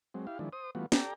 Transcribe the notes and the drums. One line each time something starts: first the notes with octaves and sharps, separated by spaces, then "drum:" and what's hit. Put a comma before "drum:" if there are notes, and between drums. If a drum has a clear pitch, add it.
F#3 G#3 C4
E4 G4 F5
D#3 F3 G#3 D4 E4
C5 D#6
E3 G3 A3 B3 F4 F#4
G4 A4 D5 G5 A#5, drum: snare